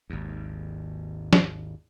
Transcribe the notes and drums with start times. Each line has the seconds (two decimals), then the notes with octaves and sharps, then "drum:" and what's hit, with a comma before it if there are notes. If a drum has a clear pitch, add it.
0.10 G#1 D#2
1.33 drum: snare